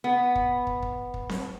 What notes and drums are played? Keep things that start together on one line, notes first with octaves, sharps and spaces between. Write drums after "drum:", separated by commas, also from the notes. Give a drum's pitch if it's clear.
B3
drum: kick
drum: kick
drum: kick
drum: kick
drum: snare C4